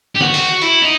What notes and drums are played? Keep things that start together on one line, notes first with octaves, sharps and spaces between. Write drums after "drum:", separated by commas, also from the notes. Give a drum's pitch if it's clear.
G4
F#4, drum: snare
drum: open hi-hat
E4, drum: hi-hat
D#4